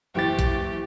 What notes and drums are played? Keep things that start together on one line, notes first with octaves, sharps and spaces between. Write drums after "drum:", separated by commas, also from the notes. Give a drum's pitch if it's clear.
F#1 E3 G4 A6
drum: kick A#1, hi-hat